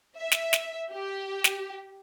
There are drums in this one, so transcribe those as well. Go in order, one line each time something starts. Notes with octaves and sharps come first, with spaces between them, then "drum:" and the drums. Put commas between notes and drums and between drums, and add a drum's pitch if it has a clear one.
E5
drum: snare
drum: snare
G4
drum: snare